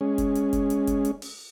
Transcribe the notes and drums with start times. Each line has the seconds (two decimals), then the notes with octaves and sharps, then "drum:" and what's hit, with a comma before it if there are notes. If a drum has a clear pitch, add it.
0.01 G#3 C#4
0.18 drum: kick F1, hi-hat
0.35 drum: hi-hat
0.53 drum: kick F1, hi-hat
0.70 drum: hi-hat
0.87 drum: kick F1, hi-hat
1.05 drum: hi-hat
1.22 drum: open hi-hat